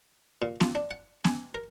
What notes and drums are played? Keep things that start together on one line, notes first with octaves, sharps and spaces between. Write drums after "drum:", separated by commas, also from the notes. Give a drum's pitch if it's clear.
A#2
F4, drum: snare B3
D4
F#5
G#5, drum: snare B3
A#4